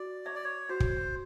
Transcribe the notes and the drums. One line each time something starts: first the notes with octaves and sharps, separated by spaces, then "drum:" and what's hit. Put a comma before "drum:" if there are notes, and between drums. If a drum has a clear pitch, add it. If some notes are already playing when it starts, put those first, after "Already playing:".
Already playing: F#4 D5
C#5 E5
D5
C#5
F#4 C5
drum: kick